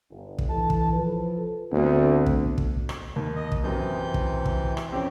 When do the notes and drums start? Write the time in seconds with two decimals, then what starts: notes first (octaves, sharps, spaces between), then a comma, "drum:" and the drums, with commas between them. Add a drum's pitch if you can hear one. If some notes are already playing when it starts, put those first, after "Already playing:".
0.10 G1
0.39 drum: kick
0.50 E3 A4 A5
0.70 drum: kick
0.93 F3 A4 B4
1.72 D2 B3 C4
2.26 drum: kick
2.58 drum: kick
2.89 drum: rim click
3.16 D#2
3.36 D#5
3.52 drum: kick
3.64 F#2 C3 E3 G6
4.14 drum: kick
4.46 drum: kick
4.77 drum: rim click
4.92 F2 C4 C#4 G4